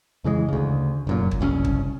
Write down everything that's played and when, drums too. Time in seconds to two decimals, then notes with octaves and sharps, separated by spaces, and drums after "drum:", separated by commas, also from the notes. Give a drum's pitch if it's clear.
0.24 F2 C#3 E3 G#3
0.48 D2 C#3
1.07 F1 F#2 A#2
1.31 drum: kick
1.41 F#1 C2 C4 C#4
1.65 drum: kick